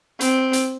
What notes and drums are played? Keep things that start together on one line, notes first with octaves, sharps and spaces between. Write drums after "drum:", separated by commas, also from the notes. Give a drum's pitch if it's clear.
C4, drum: hi-hat
drum: hi-hat